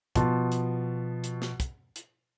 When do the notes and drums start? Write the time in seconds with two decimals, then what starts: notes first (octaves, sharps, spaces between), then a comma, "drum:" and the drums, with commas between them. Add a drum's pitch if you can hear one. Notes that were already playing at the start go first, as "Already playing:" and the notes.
0.16 B2 F3 A5 C6, drum: kick, hi-hat
0.52 drum: hi-hat
1.24 drum: hi-hat
1.42 drum: snare
1.60 drum: kick, hi-hat
1.96 drum: hi-hat